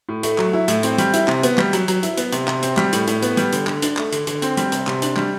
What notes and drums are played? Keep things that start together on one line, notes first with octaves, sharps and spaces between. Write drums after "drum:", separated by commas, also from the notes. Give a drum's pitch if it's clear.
A2
A3, drum: hi-hat
F#3, drum: clap
E4
A2, drum: hi-hat
C4, drum: hi-hat
G3, drum: hi-hat
E4, drum: hi-hat
C3, drum: clap
B3, drum: hi-hat
G3, drum: clap
F#3, drum: hi-hat
F#3, drum: hi-hat
E4, drum: hi-hat
B3, drum: hi-hat
C3, drum: hi-hat
C3, drum: clap
C4, drum: hi-hat
G3, drum: clap
A2, drum: hi-hat
A2, drum: hi-hat
B3, drum: hi-hat
G3, drum: hi-hat
D3, drum: hi-hat
D3, drum: clap
D4, drum: hi-hat
A3, drum: clap
D3, drum: hi-hat
D3, drum: hi-hat
C4, drum: hi-hat
G3, drum: hi-hat
C3, drum: hi-hat
C3, drum: clap
D4, drum: hi-hat
G3, drum: clap